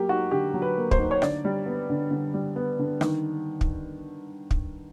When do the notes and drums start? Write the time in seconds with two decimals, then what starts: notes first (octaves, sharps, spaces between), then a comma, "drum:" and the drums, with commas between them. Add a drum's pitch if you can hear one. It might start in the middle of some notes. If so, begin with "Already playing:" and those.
Already playing: F#3 A#3 G4
0.09 D#4 F#4
0.31 D3 G4
0.54 F#3
0.62 B4
0.77 A#3
0.91 C5, drum: kick
0.99 D#4
1.11 C#5
1.22 D3 D5, drum: rim click
1.45 G3
1.66 B3
1.90 D3
2.11 D3
2.34 G3
2.56 B3
2.79 D3
3.01 D#3, drum: rim click
3.61 drum: kick
4.51 drum: kick